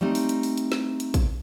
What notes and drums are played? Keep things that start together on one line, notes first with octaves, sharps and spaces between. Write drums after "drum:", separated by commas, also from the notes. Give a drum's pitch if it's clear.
G3 A3 C4 D#4
drum: open hi-hat
drum: hi-hat
drum: open hi-hat
drum: hi-hat
drum: snare
drum: hi-hat
drum: kick, hi-hat